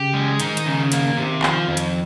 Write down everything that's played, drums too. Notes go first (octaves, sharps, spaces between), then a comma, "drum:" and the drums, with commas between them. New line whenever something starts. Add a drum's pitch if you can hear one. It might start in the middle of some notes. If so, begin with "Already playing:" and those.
Already playing: C#3 G4
G#3
D#3 D#4, drum: hi-hat
drum: hi-hat
C#3
D#3 A#3, drum: hi-hat
C3
F3, drum: clap
F2
drum: hi-hat